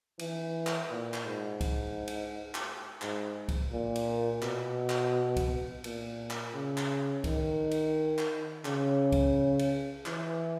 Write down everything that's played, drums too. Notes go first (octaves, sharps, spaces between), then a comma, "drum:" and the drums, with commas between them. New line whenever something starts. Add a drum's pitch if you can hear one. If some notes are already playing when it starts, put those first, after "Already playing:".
E3, drum: cymbal
drum: clap
A#2
drum: clap
G#2
drum: kick C2, cymbal
drum: cymbal
drum: clap
G#2, drum: clap
drum: kick C2, cymbal
A#2
drum: cymbal
B2, drum: clap
drum: clap
drum: kick C2, cymbal
A#2, drum: cymbal
drum: clap
C#3
drum: clap
D#3, drum: kick C2, cymbal
drum: cymbal
drum: clap
C#3, drum: clap
drum: kick C2, cymbal
drum: cymbal
E3, drum: clap